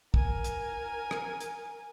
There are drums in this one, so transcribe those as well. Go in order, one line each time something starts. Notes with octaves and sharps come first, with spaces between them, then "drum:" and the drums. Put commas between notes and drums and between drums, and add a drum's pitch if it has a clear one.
A#4 G#5, drum: kick
drum: hi-hat
drum: rim click
drum: hi-hat